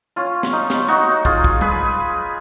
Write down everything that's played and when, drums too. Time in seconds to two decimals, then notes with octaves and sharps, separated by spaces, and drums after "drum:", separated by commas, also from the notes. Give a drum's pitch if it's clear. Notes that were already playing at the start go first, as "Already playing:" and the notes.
0.16 C#4 F4
0.43 drum: snare
0.53 D#4
0.70 drum: snare
0.88 D#4 F#4, drum: hi-hat
1.25 F4 G#4, drum: kick
1.44 drum: kick
1.61 G#4 B4, drum: tom G3